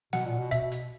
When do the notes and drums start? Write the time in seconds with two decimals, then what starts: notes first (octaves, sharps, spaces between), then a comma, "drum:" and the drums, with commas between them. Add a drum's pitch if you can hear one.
0.13 B2 F#5, drum: snare
0.26 A#2
0.38 B2
0.51 B2 E5, drum: kick, hi-hat
0.72 drum: hi-hat